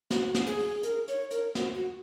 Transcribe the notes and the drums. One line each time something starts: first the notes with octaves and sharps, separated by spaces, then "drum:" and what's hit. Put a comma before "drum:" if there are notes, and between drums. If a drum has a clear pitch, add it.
F#4, drum: snare
drum: snare
G#4
drum: open hi-hat
A#4, drum: hi-hat
C#5, drum: hi-hat
A#4, drum: hi-hat
F#4, drum: snare
F#4